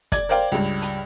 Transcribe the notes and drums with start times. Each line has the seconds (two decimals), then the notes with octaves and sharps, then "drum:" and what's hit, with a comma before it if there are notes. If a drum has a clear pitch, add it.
0.12 D5 G#6, drum: kick, hi-hat
0.29 A#4 C5 D5 F5 G5
0.52 C#2 G2
0.82 drum: hi-hat